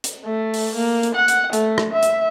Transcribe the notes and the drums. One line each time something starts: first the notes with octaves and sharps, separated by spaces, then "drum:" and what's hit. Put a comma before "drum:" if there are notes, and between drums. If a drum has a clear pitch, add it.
drum: hi-hat
A3
drum: open hi-hat
A#3
drum: hi-hat
F#5
drum: hi-hat
A3, drum: hi-hat
drum: rim click
E5
drum: hi-hat